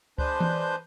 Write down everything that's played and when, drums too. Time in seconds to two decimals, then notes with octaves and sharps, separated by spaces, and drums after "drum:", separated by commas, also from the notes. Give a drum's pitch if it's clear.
0.18 G#3 D4 B4 C5 G6, drum: kick C#2
0.40 drum: tom E3